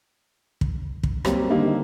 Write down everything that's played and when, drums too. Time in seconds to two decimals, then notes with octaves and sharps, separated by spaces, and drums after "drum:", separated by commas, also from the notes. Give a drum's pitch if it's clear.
0.61 drum: kick
1.03 drum: kick
1.25 F#3 G3 A#3 C4, drum: rim click
1.49 D3 D#3 G3 A#3 C4 D#4